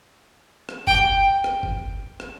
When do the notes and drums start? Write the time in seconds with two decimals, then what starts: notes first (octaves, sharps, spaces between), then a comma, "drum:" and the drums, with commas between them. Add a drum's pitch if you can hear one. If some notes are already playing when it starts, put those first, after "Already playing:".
0.69 drum: rim click
0.87 G5, drum: kick
1.44 drum: rim click
1.63 drum: kick
2.20 drum: rim click